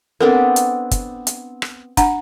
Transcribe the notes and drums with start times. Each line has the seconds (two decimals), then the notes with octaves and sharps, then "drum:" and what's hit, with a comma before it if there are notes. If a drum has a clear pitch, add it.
0.21 B3 C4 D4 A4 A#4
0.56 drum: hi-hat
0.91 drum: kick, hi-hat
1.27 drum: hi-hat
1.62 drum: rim click
1.97 D4 F#5 A#5, drum: kick, hi-hat